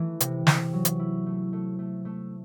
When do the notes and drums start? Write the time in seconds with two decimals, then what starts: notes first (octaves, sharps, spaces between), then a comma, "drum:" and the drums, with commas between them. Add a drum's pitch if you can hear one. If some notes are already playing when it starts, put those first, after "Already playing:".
Already playing: E3 A3
0.20 C3, drum: hi-hat
0.47 C3, drum: snare
0.73 F#3
0.85 drum: hi-hat
0.99 E4
1.26 A3
1.53 A3
1.79 A3
2.05 A3